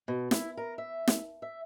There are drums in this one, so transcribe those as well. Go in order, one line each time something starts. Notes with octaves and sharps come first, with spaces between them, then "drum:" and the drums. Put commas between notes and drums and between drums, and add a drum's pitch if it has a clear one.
B2
E4, drum: snare
A#4
E5
drum: snare
E5